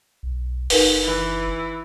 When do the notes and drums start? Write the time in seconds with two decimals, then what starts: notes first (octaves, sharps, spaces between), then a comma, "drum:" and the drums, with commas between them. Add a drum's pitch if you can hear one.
0.23 B1
0.70 F#1 D#4 A#4 B4, drum: open hi-hat
1.04 E3